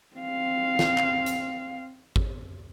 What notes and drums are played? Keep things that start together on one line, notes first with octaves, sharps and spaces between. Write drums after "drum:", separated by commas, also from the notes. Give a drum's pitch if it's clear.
C4 F5
drum: snare
drum: clap
drum: hi-hat
drum: kick G#1